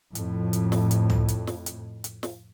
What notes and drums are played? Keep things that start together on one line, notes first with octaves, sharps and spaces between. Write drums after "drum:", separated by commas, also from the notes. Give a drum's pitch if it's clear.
F2 A2, drum: hi-hat
drum: hi-hat
drum: snare
drum: hi-hat
drum: tom
drum: hi-hat
drum: snare
drum: hi-hat
drum: hi-hat
drum: snare